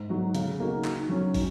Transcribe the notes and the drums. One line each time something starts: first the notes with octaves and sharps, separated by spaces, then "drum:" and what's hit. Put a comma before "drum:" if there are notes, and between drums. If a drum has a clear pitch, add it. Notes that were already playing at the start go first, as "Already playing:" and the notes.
Already playing: G#2
F#3 D#4 F#4
C#3, drum: hi-hat
A#3 D#4 F#4
D#3, drum: clap
F#3 C#4
D#3, drum: kick, open hi-hat